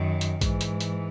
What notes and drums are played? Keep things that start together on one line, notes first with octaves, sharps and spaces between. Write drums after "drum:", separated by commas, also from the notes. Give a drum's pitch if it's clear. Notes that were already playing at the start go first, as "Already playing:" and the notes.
Already playing: F#2 D#3
drum: hi-hat
G#2 E3, drum: kick, hi-hat
drum: hi-hat
drum: hi-hat